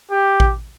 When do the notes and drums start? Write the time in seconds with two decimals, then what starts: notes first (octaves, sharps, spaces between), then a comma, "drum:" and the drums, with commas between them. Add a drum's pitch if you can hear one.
0.11 G4
0.40 drum: kick A1